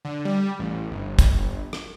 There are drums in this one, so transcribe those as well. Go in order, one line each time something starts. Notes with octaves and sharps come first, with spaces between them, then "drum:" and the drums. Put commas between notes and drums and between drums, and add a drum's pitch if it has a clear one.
D3
G3
A1
G1
drum: kick, hi-hat
drum: rim click